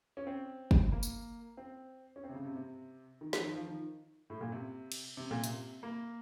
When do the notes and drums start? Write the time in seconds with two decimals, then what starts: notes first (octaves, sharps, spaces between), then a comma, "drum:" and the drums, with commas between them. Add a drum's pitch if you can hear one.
0.17 C#4
0.27 C4
0.71 drum: kick
0.92 A#3
1.03 drum: tambourine
1.57 C4
2.16 C#4
2.24 C4
2.29 C3
2.34 C#3
2.45 C3
2.56 C3
3.21 D#3
3.33 F3, drum: snare
3.44 D#3
3.55 F3
3.67 D#3
4.30 A2
4.41 A#2
4.52 C3
4.92 drum: cymbal
5.17 C3
5.31 A#2
5.44 C3, drum: hi-hat
5.83 A#3